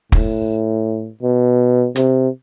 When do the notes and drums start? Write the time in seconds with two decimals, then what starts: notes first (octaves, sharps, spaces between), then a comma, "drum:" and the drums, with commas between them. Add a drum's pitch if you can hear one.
0.12 A2, drum: kick
1.22 B2
1.96 C3, drum: hi-hat